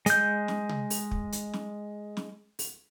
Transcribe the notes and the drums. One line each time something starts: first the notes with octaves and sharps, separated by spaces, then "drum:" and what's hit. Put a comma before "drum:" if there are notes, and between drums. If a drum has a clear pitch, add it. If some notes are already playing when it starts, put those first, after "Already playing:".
G#3 G6, drum: hi-hat
drum: snare
drum: tom C3
drum: open hi-hat
drum: kick
drum: hi-hat
drum: snare
drum: snare
drum: open hi-hat